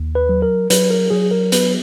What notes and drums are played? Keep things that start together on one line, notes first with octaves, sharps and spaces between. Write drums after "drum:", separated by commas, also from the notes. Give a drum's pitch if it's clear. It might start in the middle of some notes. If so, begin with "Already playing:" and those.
Already playing: D#2
B4
F#3
A#4
F#3 B4, drum: hi-hat
A#4
F#3 G#4
A#4
B3 B4, drum: hi-hat